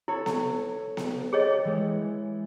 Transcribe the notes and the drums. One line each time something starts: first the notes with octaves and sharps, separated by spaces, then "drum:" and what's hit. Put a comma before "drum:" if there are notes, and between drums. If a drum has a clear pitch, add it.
E4 A4 C#5
drum: snare B3
drum: snare B3
G4 G#4 C#5 D#5
E3 G#3